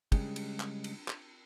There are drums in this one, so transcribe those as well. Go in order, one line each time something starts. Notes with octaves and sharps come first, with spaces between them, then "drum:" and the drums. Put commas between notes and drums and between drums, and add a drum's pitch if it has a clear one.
C#3 G3 G#3, drum: kick, cymbal
drum: cymbal
drum: clap
drum: cymbal
drum: clap